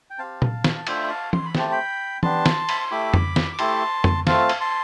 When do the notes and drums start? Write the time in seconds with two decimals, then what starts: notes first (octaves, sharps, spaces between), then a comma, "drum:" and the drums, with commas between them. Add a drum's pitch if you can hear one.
0.10 G5
0.19 C4 G4 F5 A5
0.42 drum: tom A#2
0.64 drum: snare
0.76 A5
0.87 A3 D4 F4 E5 G5, drum: cymbal
1.04 B5
1.09 F5 A5
1.33 C6, drum: tom E3
1.45 B5
1.55 A3 C4 G4 A5, drum: snare
1.72 G5 B5
2.23 B3 D4 G4 A5 C6, drum: tom E3
2.46 drum: snare
2.69 B5, drum: cymbal
2.79 C6
2.91 A3 E4 G4 B5 D6
3.14 drum: tom F2
3.36 drum: snare
3.53 D6
3.59 A3 E4 G4 A5 C6, drum: cymbal
4.04 drum: tom F2
4.27 A3 C4 F4 F5 A5, drum: snare
4.49 drum: cymbal
4.60 A5 C6